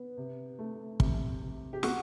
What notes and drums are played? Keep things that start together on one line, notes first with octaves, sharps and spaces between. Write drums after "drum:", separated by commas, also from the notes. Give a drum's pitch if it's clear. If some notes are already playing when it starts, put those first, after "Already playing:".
Already playing: B3
C3
A3
C3, drum: kick
C3
G4
F#4, drum: snare